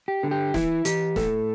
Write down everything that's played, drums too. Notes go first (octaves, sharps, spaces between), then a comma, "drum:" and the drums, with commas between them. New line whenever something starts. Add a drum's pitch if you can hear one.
G4
D3
G4
E3 E4, drum: snare
E3 G4, drum: hi-hat
A2 A4, drum: snare